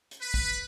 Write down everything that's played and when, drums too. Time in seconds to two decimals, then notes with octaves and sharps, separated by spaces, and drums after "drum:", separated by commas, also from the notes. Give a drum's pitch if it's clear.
0.11 drum: hi-hat
0.21 B4
0.34 drum: kick